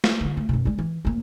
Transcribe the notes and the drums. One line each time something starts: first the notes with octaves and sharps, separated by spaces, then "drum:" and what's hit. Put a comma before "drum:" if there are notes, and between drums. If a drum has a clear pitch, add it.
drum: snare A3
D3 G3
A3
F#2 B2
G3 G#3
E3
F1 A#3